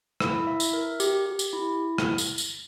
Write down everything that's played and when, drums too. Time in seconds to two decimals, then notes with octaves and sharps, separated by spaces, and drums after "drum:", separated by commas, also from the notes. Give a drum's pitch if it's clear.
0.20 E4, drum: rim click
0.47 E5
0.60 drum: tambourine
0.73 A#4
1.00 G4, drum: tambourine
1.26 G4
1.39 drum: tambourine
1.53 E4
1.98 drum: rim click
2.18 drum: tambourine
2.38 drum: tambourine